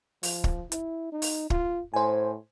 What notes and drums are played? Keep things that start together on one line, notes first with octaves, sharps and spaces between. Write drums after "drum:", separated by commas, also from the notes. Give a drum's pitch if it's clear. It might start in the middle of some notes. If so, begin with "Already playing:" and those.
F3, drum: open hi-hat
drum: kick
E4, drum: hi-hat
D#4
drum: open hi-hat
F4, drum: kick
A2 C5 G#5